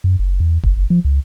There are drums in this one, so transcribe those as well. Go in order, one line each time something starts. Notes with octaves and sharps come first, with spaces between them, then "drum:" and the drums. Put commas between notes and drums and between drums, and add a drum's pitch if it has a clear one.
F#2
F#1
E2
G1, drum: kick E1
F3
C#2